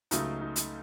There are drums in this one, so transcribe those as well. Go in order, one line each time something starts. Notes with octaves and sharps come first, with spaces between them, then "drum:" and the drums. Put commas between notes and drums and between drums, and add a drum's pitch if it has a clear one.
C#2 C#3 F#3 A3 D#4, drum: hi-hat
D#4
drum: hi-hat